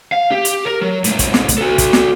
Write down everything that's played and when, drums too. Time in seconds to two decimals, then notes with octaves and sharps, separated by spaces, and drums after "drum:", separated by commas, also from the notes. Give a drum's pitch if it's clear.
0.12 F5
0.31 G4
0.45 drum: hi-hat
0.67 A#4
0.81 F#3
1.04 A2 G3, drum: hi-hat
1.19 drum: kick, hi-hat
1.34 drum: snare
1.49 drum: kick, hi-hat
1.58 F#4 A4
1.78 drum: kick, hi-hat
1.93 drum: snare